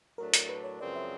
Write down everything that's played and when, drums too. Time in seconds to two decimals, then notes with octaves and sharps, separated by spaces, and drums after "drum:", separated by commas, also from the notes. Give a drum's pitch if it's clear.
0.18 A2 F#3 A3 D4 A#4
0.34 A#4, drum: hi-hat
0.49 B4
0.64 C#5
0.80 F#2 C#3 F3 G#3 C4 D5
0.96 E5